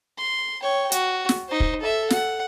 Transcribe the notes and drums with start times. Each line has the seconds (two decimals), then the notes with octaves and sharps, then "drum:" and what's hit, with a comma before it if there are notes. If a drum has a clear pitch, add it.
0.18 C6
0.62 C#5 G5
0.92 F#4, drum: hi-hat
1.29 drum: snare
1.48 D#4 C5
1.60 drum: kick
1.81 A4 E5
2.10 F#5, drum: snare